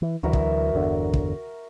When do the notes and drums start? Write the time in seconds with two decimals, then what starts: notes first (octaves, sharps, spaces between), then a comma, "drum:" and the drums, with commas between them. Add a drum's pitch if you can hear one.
0.02 E3
0.23 D2 E3 F#3 F#4 A#4 E5
0.33 drum: kick
0.73 G1 E2 D3
1.14 drum: kick